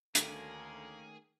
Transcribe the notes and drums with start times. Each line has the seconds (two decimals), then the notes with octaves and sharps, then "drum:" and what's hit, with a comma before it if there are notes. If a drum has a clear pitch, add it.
0.15 D2 D#3 A3 A#3 C#4 G#4, drum: hi-hat